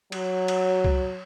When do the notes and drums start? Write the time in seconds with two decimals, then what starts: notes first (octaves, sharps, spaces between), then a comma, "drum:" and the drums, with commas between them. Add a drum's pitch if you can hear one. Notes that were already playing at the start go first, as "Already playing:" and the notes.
0.12 F#3, drum: cymbal
0.48 drum: cymbal
0.84 drum: kick C2